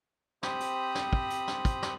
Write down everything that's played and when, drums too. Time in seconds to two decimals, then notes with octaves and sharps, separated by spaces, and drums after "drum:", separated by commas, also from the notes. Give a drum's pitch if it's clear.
0.43 C4 G4 C5 B5 D#6, drum: snare
0.60 drum: hi-hat
0.95 drum: snare
1.13 drum: kick
1.30 drum: hi-hat
1.48 drum: snare
1.65 drum: kick, hi-hat
1.82 drum: snare